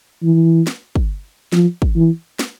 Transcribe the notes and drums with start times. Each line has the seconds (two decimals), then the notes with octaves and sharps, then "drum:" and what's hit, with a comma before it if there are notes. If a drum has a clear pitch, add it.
0.23 E3
0.67 drum: snare
0.95 drum: kick
1.52 F3, drum: snare
1.82 drum: kick
1.96 E3
2.39 drum: snare